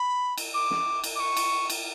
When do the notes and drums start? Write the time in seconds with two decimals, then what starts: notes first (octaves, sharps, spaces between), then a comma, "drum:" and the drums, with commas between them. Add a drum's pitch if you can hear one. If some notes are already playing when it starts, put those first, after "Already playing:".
Already playing: B5
0.38 drum: cymbal
0.54 D6
0.71 drum: snare
1.04 drum: cymbal
1.16 D6
1.20 C#6
1.37 drum: cymbal
1.70 drum: cymbal